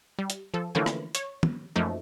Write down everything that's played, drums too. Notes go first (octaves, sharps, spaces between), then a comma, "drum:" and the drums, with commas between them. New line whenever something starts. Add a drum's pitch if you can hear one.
G3
drum: hi-hat
F3 A4
D3 E3 F3 A3 A#3 C#4
drum: rim click
C#5, drum: hi-hat
drum: tom
F#2 F3 A3 A#3 D#4